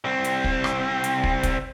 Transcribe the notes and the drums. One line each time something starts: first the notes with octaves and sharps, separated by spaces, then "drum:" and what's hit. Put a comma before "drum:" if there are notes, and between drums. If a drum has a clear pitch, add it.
C2 C4
drum: hi-hat
drum: kick
drum: rim click
drum: hi-hat
drum: kick
drum: kick, hi-hat